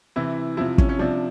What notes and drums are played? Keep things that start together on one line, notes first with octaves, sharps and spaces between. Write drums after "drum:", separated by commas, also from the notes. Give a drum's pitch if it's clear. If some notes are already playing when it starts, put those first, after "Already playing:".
C3 E3 E4
C3 F3 E4
C#4, drum: kick
C#4
C3 F3 D4